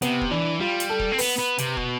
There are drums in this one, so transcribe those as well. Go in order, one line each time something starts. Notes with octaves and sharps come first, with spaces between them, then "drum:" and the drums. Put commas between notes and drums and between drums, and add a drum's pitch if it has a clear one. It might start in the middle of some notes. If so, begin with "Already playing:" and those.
C3 B3, drum: hi-hat
drum: kick
E3 D4
G3 F4
drum: hi-hat
A4
drum: kick
C4
B3 B4, drum: open hi-hat
B3
C3, drum: hi-hat
B2, drum: kick